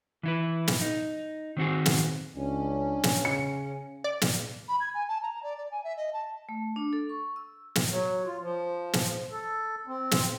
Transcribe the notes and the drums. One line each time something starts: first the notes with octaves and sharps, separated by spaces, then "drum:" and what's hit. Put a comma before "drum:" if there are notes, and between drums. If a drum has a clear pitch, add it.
E3 E4 B4
drum: snare
D#4
D#3 C4 F#4 G#4
drum: snare
C#2 C#4 D4
drum: snare
C#3 C#7
D5
drum: snare
B5
G#6
G#5
A5
A#5
D5
D5
G#5
E5
D#5
A5
A3
D4
A4
C#6
E6
drum: snare
F#3
F4
F3
drum: snare
A4
C4
drum: snare